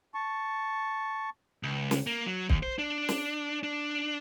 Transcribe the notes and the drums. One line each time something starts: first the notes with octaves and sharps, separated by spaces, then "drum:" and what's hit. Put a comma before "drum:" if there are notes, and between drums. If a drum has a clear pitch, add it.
A5 C#6
C#2
drum: snare
A#3
F#3
D#2, drum: kick
C5
D4
drum: snare
D4